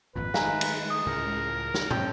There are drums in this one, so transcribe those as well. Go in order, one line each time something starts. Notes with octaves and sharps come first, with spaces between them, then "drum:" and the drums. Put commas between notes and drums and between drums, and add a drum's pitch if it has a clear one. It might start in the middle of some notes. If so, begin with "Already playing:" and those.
G#1 F2 A#2 B4
D#3 G#3 A3 F5 G#5 A#5, drum: snare
drum: cymbal
D#6
C#2 A2 C#3 A#4
drum: snare
F2 C#4 A4 G5, drum: tom